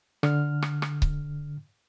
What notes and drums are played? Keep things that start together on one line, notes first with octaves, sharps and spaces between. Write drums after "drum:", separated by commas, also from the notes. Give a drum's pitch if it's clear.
D3 F6, drum: rim click
drum: rim click
drum: rim click
drum: kick C#1